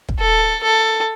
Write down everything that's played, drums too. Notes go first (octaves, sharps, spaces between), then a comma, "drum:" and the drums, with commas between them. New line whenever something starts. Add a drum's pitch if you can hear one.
drum: kick
A4
A4